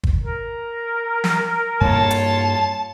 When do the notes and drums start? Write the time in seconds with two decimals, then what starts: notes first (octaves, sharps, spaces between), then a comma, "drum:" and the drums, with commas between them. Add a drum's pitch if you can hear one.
0.04 drum: kick
0.23 A#4
1.24 drum: snare
1.81 G2 A#3 F4 C#5 A5
2.11 drum: hi-hat